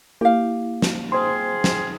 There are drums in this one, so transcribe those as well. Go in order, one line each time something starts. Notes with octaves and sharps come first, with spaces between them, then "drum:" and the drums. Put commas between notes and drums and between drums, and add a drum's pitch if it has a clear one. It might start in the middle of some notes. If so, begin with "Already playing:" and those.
A#3 E4 G4 F5
drum: snare
C4 F4 G#4 C5 C6
drum: snare